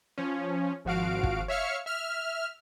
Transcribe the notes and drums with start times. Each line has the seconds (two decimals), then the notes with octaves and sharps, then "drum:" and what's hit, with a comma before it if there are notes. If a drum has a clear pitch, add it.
0.18 F3 C#4
0.85 G#1 F3 F#4 F5 D7
1.23 drum: kick
1.48 C#5 E5 F5 F6 C#7
1.86 E5 F6